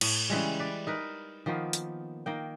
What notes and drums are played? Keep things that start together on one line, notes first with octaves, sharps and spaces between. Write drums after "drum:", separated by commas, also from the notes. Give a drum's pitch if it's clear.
A2, drum: cymbal
C#3 E3 G3 G#3
B4 D5
D#4 A#4 B4
D#3 F3 A#3 B3
drum: hi-hat
D#3 A#3 G5